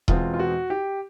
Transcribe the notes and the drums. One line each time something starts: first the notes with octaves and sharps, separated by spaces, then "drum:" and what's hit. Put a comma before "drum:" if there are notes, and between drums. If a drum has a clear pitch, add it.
E2 B2 G#3 C4 F4, drum: kick D#1
F4
F#4
G4